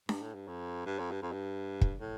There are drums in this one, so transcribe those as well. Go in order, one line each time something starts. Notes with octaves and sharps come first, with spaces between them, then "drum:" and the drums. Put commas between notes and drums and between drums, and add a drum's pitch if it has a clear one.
G2, drum: snare D4
A2
G2
F2
G2
F2
G2
F2
G2
drum: kick
A2